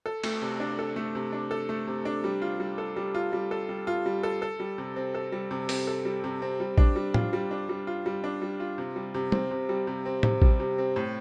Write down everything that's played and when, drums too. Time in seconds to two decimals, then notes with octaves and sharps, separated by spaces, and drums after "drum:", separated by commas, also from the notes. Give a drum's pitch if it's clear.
0.06 A4
0.24 A3, drum: cymbal
0.42 C3
0.60 D4
0.79 A4
0.96 A3
1.15 C3
1.33 D4
1.51 A4
1.69 A3
1.87 C3
2.05 D4
2.24 G3
2.42 F4
2.60 G3
2.78 A4
2.96 G3
3.15 F4
3.33 G3
3.51 A4
3.69 G3
3.87 F4
4.06 G3
4.23 A4
4.42 A4
4.60 G3
4.78 C3
4.96 C4
5.15 A4
5.32 G3
5.51 C3
5.69 C4, drum: open hi-hat
5.87 A4
6.05 G3
6.24 C3
6.42 C4
6.60 G3
6.78 D4, drum: kick A1
6.96 G3
7.14 F4, drum: tom A2
7.33 G3
7.51 D4
7.69 G3
7.87 F4
8.06 G3
8.24 D4
8.42 G3
8.60 F4
8.78 C3
8.96 G3
9.14 C3
9.32 C4, drum: tom
9.51 C3
9.69 G3
9.87 C3
10.05 C4
10.23 C3, drum: tom A2
10.42 G3, drum: kick A1
10.60 C3
10.78 C4
10.96 A2